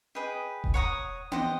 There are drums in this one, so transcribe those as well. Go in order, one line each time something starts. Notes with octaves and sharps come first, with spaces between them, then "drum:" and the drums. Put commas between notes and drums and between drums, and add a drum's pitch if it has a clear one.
G#4 B4 D#5 G5
drum: kick E1
C#5 F#5 A#5 D#6
G4 C5 D#5 F#5, drum: tom B3